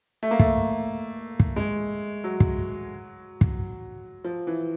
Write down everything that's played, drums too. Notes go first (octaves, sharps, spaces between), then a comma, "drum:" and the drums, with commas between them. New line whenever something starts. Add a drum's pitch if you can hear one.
A3
A#3
A3, drum: kick
drum: kick
G#3
F#3
drum: kick
drum: kick
F3
E3